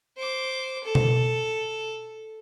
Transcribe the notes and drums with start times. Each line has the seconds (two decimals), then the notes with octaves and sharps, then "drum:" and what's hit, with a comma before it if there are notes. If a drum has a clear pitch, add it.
0.18 C5 D6
0.84 A4
0.95 drum: tom B2